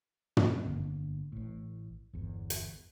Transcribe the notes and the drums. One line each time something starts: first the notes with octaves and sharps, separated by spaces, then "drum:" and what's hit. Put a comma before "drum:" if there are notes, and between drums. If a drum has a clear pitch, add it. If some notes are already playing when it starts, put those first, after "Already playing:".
drum: tom
G1 D#2 D3 A#3
A1 A2
G1 E2
drum: hi-hat